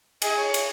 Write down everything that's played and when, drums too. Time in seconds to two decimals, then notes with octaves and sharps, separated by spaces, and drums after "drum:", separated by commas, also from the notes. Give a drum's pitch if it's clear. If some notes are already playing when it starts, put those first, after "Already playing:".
0.22 G#4 D#5, drum: cymbal
0.37 C#5
0.54 drum: cymbal